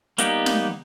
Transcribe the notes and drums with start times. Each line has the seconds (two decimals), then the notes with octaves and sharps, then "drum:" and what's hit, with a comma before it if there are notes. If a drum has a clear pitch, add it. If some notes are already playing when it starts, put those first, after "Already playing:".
0.18 G3 A#3 B3 D#4 G4, drum: hi-hat
0.46 drum: snare